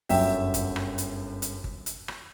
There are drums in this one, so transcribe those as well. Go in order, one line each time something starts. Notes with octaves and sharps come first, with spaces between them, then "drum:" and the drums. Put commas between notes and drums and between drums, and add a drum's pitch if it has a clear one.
G1 F#2 F#3 E5 G5, drum: kick G1, open hi-hat
drum: kick G1, hi-hat
drum: rim click
drum: hi-hat
drum: hi-hat
drum: kick G1
drum: hi-hat
drum: rim click